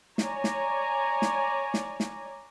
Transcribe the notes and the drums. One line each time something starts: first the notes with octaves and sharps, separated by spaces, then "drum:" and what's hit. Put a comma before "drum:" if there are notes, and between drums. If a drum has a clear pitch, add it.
C#5 D5 G#5 A#5, drum: snare
drum: snare
drum: snare
drum: snare
drum: snare